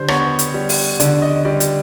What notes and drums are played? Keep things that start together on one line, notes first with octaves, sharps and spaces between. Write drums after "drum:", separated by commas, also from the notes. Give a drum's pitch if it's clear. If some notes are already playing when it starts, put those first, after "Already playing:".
Already playing: D3 G3 C5
B3 C#5, drum: rim click
drum: hi-hat
G3
drum: open hi-hat
D3 D5, drum: hi-hat
D#5
G3 D5
drum: hi-hat